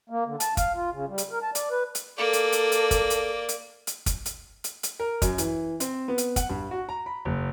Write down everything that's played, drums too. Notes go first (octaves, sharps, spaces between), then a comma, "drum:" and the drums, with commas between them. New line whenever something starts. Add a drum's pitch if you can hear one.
A#3
D3
A5, drum: hi-hat
F5, drum: kick, hi-hat
F4
C#3
G3
drum: hi-hat
A#4
A5
D5, drum: hi-hat
B4
drum: hi-hat
A#3 A4 D5
drum: hi-hat
drum: hi-hat
drum: hi-hat
drum: kick, hi-hat
drum: hi-hat
drum: hi-hat
drum: hi-hat
drum: kick, hi-hat
drum: hi-hat
drum: hi-hat
drum: hi-hat
A#4
F#2, drum: kick, hi-hat
E3, drum: hi-hat
C4, drum: hi-hat
B3
drum: hi-hat
F#5, drum: kick, hi-hat
G2
F#4
A#5
B5
F#1